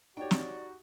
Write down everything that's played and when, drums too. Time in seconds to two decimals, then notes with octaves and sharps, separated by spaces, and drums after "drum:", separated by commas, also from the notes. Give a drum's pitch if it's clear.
0.17 D#4 F#4 G4 C#5 D5 G5
0.31 drum: snare